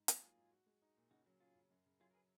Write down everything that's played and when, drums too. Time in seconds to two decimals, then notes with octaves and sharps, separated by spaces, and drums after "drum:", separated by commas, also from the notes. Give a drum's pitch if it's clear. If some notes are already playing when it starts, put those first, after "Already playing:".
Already playing: G#2
0.08 F#3, drum: hi-hat
0.22 A#3 F4 G#4
0.37 G#2
0.52 F#4
0.66 G#3
0.82 D#4
0.97 A#2
1.11 C#3 D#4 F#4
1.26 F#3
1.40 C#4 F4 G#4
1.55 C#3
1.70 F#2
1.86 C#3
2.00 F#3 F4 G#4
2.11 A#4
2.14 G#4 B4